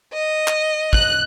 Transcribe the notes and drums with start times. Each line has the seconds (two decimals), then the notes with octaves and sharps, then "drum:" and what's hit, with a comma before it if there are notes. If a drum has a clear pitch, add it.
0.11 D#5
0.48 drum: clap
0.93 F#6, drum: kick